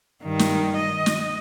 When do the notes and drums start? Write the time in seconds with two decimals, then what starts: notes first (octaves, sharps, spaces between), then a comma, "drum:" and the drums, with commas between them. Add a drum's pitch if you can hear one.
0.23 G2 D#3
0.39 drum: snare
0.77 D#5
1.06 drum: snare